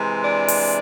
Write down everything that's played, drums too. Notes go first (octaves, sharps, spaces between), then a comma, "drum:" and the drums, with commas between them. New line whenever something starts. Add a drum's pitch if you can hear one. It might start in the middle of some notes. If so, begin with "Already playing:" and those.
Already playing: C3 E3 G#3
D4
drum: open hi-hat